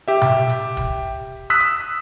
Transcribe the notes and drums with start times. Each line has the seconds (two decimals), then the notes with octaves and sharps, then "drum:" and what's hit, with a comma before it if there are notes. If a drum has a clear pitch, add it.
0.08 G4 E5
0.21 drum: tom B2
0.49 drum: hi-hat
0.77 drum: kick, hi-hat
1.50 D#6 E6 F#6 B6
1.60 drum: hi-hat